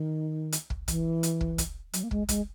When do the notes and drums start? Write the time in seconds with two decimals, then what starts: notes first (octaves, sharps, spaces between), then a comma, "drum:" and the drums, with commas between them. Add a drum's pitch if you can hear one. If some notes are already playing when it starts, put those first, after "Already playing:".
Already playing: D#3
0.52 drum: hi-hat
0.70 drum: kick
0.88 E3, drum: kick, hi-hat
1.23 drum: hi-hat
1.41 drum: kick
1.58 drum: kick, hi-hat
1.93 F#3, drum: hi-hat
2.03 A#3
2.11 G#3, drum: kick
2.29 G#3, drum: kick, hi-hat